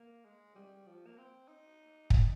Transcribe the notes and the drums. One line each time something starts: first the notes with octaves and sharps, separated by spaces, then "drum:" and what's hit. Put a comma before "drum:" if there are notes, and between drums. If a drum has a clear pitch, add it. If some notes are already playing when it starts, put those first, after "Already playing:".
Already playing: A#3
G#3
G3
F3
A#3
C4
D#4
drum: kick